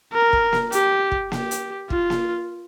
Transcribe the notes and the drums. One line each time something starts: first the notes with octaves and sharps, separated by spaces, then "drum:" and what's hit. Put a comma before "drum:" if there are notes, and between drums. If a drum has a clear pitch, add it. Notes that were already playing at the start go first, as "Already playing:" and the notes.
A#4
drum: kick
drum: snare A#3
G4, drum: hi-hat
drum: kick
G4, drum: snare A#3
drum: hi-hat
F4, drum: kick
drum: snare A#3